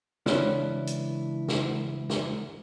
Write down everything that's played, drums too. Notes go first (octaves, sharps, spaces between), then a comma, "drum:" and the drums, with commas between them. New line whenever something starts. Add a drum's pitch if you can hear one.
C#2 E3 C#4 D4 E4, drum: snare
drum: hi-hat
drum: snare
drum: snare